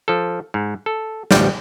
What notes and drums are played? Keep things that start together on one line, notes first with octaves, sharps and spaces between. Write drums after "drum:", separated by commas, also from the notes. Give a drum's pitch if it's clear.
F3 A4
G#2
A4
A1 D2 F3 G3, drum: snare